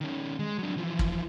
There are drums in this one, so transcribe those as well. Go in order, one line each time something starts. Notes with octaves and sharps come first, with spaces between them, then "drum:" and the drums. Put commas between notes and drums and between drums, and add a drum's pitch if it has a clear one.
D#3 C#4
G#3
F#3 D4
E3 F3
drum: kick